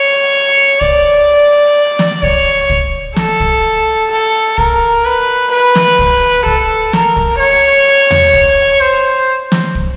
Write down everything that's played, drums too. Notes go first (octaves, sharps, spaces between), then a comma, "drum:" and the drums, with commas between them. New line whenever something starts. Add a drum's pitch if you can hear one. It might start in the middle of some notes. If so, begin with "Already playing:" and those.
Already playing: C#5
D5, drum: kick
drum: snare
C#5, drum: kick
drum: kick
A4, drum: snare
drum: kick
A4
A#4, drum: kick
B4
B4
drum: snare
drum: kick
A4, drum: kick
A#4, drum: snare
drum: kick
C#5
drum: tom E2
drum: kick
C5
drum: snare
drum: kick